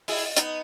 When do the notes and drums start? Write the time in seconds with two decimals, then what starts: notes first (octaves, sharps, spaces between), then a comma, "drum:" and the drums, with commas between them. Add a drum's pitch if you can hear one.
0.08 E4 G#4, drum: open hi-hat
0.37 B3 D#4, drum: hi-hat